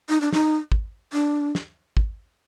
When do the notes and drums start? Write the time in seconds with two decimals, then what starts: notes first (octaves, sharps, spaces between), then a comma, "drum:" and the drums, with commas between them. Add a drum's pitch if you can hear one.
0.09 D#4
0.21 D4
0.33 D#4, drum: snare
0.72 drum: kick
1.13 D4
1.55 drum: snare
1.97 drum: kick